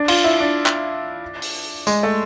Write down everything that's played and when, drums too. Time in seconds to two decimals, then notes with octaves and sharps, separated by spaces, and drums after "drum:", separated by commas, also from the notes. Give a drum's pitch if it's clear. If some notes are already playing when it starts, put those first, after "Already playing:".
Already playing: D4
0.08 F4, drum: cymbal
0.24 E4
0.40 D4
0.66 drum: clap
1.42 drum: open hi-hat
1.87 G#3, drum: tambourine
2.03 A3